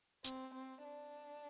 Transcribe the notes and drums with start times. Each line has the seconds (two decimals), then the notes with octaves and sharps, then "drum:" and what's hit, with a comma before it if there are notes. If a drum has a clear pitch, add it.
0.24 C4, drum: hi-hat
0.55 C4
0.84 D4